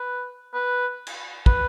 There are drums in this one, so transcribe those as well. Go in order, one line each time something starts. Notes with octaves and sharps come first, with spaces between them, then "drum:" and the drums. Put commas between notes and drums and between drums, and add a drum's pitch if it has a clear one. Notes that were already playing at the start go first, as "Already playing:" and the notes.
Already playing: B4
B4
drum: cymbal
B4, drum: kick